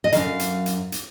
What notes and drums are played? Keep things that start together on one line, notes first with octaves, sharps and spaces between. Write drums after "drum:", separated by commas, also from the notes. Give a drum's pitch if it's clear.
D#5
F#2 D#3 F5, drum: hi-hat
drum: hi-hat
drum: hi-hat
drum: hi-hat